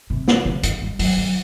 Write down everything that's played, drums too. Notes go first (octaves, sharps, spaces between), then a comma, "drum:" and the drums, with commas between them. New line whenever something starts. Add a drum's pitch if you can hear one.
C3
drum: snare
C#3
D3, drum: hi-hat
G3
F#3, drum: open hi-hat
F#3